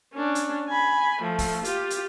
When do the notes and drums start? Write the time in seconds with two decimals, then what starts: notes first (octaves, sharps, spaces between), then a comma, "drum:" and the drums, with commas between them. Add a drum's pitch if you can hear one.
0.14 C#4 D4
0.35 drum: hi-hat
0.69 G#5 B5
1.22 F3 A3
1.39 drum: kick, open hi-hat
1.64 F4 G4, drum: hi-hat
1.90 drum: hi-hat